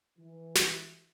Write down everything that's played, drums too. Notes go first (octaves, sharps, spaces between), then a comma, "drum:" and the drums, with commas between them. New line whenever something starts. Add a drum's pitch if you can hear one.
E3
drum: snare